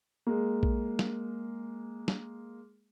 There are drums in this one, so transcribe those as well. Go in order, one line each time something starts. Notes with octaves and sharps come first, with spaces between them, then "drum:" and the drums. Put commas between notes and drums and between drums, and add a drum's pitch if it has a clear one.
G#3 A#3
drum: kick A#1
drum: snare
drum: snare